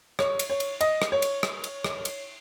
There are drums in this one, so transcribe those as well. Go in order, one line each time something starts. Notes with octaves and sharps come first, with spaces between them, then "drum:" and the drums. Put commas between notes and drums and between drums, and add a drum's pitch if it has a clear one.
C#5, drum: rim click
drum: cymbal
C#5
drum: cymbal
D#5, drum: cymbal
drum: rim click
C#5
drum: cymbal
drum: rim click
drum: cymbal
drum: rim click
drum: cymbal